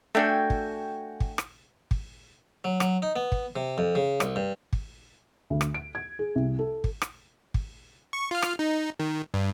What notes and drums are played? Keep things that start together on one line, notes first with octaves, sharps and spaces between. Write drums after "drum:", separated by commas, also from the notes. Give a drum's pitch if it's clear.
A3 D4 F#4 A4 G5 G#5
drum: kick
drum: kick
drum: rim click
drum: kick
F#3
F#3, drum: rim click
D#4
B3
drum: kick
C3
F2
C#3
C2, drum: rim click
G2
drum: kick
D2
drum: rim click
D7
G#6
G#4
C2
A4
drum: kick
drum: rim click
drum: kick
C#6
F4 F6
drum: rim click
D#4
D#3
G2